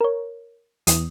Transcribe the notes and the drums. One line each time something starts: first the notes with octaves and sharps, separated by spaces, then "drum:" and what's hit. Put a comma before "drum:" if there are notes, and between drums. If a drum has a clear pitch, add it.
A#4 C#5
E2 D#6, drum: hi-hat